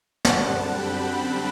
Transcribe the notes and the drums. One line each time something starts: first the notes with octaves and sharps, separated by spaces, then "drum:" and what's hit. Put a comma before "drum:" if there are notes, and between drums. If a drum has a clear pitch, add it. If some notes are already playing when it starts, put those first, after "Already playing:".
F#2 D3 G3 C4 F#5 A5, drum: snare
G5 B5